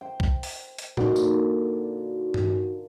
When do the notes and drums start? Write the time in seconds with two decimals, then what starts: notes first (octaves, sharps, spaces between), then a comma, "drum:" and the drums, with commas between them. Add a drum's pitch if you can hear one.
0.01 C5 G5
0.20 drum: kick
0.43 drum: open hi-hat
0.78 drum: hi-hat
0.97 A#2 D3 D#4 F#4, drum: tom A2
1.16 drum: tambourine
2.34 drum: tom G2